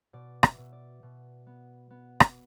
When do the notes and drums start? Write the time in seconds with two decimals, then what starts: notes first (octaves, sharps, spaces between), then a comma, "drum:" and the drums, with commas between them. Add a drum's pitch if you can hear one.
0.13 B2 D5
0.43 E5, drum: rim click
0.58 B2
0.73 D5
1.03 B2
1.47 B3
1.91 B3
2.20 drum: rim click